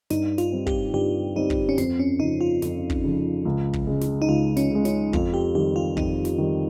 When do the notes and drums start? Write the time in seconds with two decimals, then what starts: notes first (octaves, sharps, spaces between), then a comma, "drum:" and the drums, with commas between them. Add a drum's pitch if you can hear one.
0.10 G2 D#4, drum: snare
0.38 F4, drum: snare
0.52 G3 C4
0.67 G4, drum: kick
0.93 G2 G4
1.36 G3 C4 D#4
1.50 drum: kick
1.69 C#4
1.78 F2 C4, drum: snare
1.99 C#4
2.19 C#3 F3 D#4
2.41 F4
2.62 F2, drum: snare
2.90 drum: kick
3.04 C#3 F3
3.45 C#2
3.73 drum: kick
3.87 C#3 G#3
4.01 drum: snare
4.22 D#4
4.29 C#2 F4
4.57 C#4, drum: snare
4.71 C#3 G#3
4.85 C#4, drum: snare
5.13 F2 F4, drum: kick
5.34 G4
5.55 D#3 G3 G4
5.76 F4
5.97 F2 D#4, drum: kick
6.25 drum: snare
6.38 D#3 G3